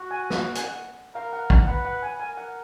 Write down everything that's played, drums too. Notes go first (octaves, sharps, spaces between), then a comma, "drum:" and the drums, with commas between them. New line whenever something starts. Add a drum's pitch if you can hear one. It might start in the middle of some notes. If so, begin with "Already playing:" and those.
Already playing: F#4
G#5
drum: snare
G#5, drum: hi-hat
F#5
A#4 F5
F#5
F#5, drum: kick
B4 F#5
F#5
G#5
A#4 G#5
F#5